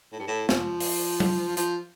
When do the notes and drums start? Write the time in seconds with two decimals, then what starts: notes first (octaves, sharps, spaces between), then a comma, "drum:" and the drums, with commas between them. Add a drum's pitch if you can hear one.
0.13 A2
0.20 G2
0.27 A2
0.49 F3, drum: snare
0.80 drum: open hi-hat
1.20 drum: tom F#3
1.57 F3, drum: hi-hat